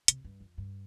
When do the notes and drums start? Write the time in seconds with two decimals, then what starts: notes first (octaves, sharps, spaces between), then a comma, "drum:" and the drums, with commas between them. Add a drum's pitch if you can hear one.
0.08 C3, drum: hi-hat
0.25 G2
0.40 F2
0.58 G2